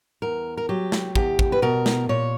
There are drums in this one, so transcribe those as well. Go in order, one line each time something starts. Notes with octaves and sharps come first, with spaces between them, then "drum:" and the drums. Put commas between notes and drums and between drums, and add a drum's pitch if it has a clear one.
E2 A#4
A#4
F#3 G4
drum: snare
E2 G4, drum: kick
drum: kick
B4
B2 A#4
drum: snare
A#2 C#5